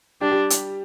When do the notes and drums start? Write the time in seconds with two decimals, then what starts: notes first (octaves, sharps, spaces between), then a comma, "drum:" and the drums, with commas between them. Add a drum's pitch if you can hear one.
0.21 G3 D4 G4
0.31 G3 G4
0.50 drum: hi-hat